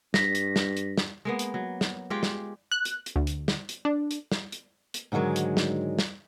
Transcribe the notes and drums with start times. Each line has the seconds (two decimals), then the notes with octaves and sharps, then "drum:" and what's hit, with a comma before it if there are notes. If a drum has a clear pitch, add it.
0.14 G2 A#6 B6, drum: snare
0.35 drum: hi-hat
0.56 drum: snare
0.77 drum: hi-hat
0.98 drum: snare
1.25 G#3 A#3 B3
1.39 drum: hi-hat
1.54 F#3
1.81 drum: snare
2.10 G#3 F4 G4
2.23 drum: snare
2.72 F#6
2.85 drum: hi-hat
3.06 drum: hi-hat
3.16 D2
3.27 drum: hi-hat
3.48 drum: snare
3.69 drum: hi-hat
3.85 D4
4.11 drum: hi-hat
4.32 drum: snare
4.52 drum: hi-hat
4.94 drum: hi-hat
5.12 G#2 D3 D#3 F#3 G#3
5.36 drum: hi-hat
5.57 drum: snare
5.99 drum: snare